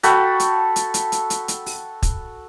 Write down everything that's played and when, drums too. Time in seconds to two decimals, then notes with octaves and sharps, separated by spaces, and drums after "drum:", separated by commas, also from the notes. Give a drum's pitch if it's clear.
0.03 F#4 A4 G5 B5, drum: hi-hat
0.40 drum: hi-hat
0.76 drum: hi-hat
0.94 drum: hi-hat
1.12 drum: hi-hat
1.30 drum: hi-hat
1.48 drum: hi-hat
1.66 drum: open hi-hat
2.03 drum: kick, hi-hat